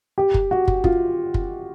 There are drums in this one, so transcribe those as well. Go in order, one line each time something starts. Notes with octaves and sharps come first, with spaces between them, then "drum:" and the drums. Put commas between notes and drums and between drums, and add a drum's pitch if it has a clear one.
G4
drum: kick
F#4
drum: kick
F4, drum: kick
drum: kick